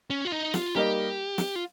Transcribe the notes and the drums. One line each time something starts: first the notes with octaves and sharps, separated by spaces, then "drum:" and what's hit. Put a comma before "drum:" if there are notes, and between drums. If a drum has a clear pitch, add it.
C#4
F4
D#4
F4, drum: snare
G3 A#3 D#4 G4 A#4 D#5
drum: snare
F4